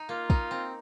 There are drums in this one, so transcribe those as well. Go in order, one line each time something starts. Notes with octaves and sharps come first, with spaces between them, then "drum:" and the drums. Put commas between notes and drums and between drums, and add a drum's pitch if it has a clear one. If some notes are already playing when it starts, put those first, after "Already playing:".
Already playing: D#4
A#3 F4
D#4, drum: kick
C4